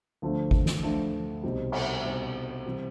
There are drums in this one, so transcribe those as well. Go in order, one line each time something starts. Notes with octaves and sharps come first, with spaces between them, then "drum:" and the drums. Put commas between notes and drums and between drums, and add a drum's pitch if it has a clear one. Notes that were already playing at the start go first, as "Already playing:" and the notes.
D2 D3 F3 A3 D4
drum: kick G#1
drum: snare
D2 D3 F3 A3 D4
C2 B2 G3 C4 D#4
drum: cymbal
C2 B2 G3 C4 D#4
C3 E3 G3 C4